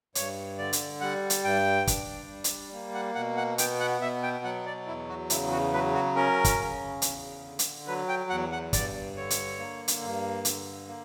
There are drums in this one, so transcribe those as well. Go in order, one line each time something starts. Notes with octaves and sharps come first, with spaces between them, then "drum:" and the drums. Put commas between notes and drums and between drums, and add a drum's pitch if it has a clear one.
G2 C#5, drum: hi-hat
D3 D5
drum: hi-hat
G3 F#5
drum: hi-hat
G2 G5
D4, drum: kick, hi-hat
G3
drum: hi-hat
A#3
F#5
B2 F#5
F#5
B3 G5, drum: hi-hat
F#5
B2 E5
G5
F#3 F#5
D5
E2 E4
F#4
C#3 E4, drum: hi-hat
F#4
F#3 B4
F#4
C#4 A#4
drum: kick, hi-hat
C#3
E2, drum: hi-hat
D3
drum: hi-hat
F#3 B4
G5
E2 F#5
F#5
G2 D5, drum: kick, hi-hat
D3 C#5
drum: hi-hat
A#3
drum: hi-hat
G2
D3, drum: hi-hat
A#3